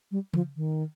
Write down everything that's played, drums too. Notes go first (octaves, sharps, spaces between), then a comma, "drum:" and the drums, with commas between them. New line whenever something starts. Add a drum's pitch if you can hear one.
G3
F3, drum: tom C#3
D#3